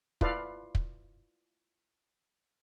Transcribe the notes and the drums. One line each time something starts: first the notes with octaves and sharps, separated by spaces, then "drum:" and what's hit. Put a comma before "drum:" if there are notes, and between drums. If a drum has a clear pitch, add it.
E4 F4 A4 B4 D5 F5, drum: kick
drum: kick